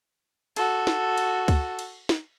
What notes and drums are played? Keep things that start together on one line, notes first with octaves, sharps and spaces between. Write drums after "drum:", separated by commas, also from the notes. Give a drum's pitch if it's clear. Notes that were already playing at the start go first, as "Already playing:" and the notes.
F#4 A4, drum: cymbal
drum: snare
drum: cymbal
drum: kick C#2, cymbal
drum: cymbal
drum: snare